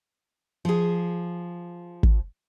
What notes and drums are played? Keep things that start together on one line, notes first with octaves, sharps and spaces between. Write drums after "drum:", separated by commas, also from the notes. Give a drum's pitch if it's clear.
F3 G#4
drum: kick